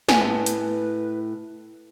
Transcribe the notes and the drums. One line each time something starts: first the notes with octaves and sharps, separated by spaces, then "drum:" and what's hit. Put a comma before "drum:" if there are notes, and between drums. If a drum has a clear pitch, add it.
A2 B4 G#5, drum: snare
drum: hi-hat